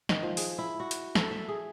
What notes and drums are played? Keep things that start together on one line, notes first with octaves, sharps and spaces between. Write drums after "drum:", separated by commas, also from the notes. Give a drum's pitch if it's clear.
D#3, drum: snare
F3
G#4, drum: open hi-hat
E4
F#4
drum: hi-hat
A4, drum: snare
E5
G#4